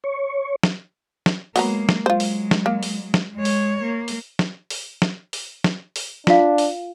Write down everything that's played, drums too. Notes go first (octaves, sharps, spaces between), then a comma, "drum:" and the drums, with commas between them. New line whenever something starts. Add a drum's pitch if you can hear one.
C#5
drum: snare
drum: snare
F#3 G#3 A#3 B3 A#5, drum: open hi-hat
drum: snare
F#3 G#3 F4 C5
drum: open hi-hat
drum: snare
A#3
drum: open hi-hat
drum: snare
G#3 C#5
drum: open hi-hat
A#3
drum: open hi-hat
drum: snare
drum: open hi-hat
drum: snare
drum: open hi-hat
drum: snare
drum: open hi-hat
D4 F4 F5, drum: snare
drum: open hi-hat